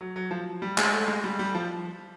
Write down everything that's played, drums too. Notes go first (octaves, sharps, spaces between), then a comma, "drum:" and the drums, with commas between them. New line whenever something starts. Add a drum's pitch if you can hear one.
F#3
F#3
F3
G3
G#3, drum: clap
A3
G#3
G3
G3
F3